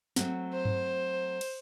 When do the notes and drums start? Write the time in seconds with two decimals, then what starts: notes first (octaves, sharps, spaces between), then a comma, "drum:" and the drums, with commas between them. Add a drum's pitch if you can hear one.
0.16 F#3 A3 C4, drum: snare
0.54 C5
0.65 drum: tom G2
1.41 drum: cymbal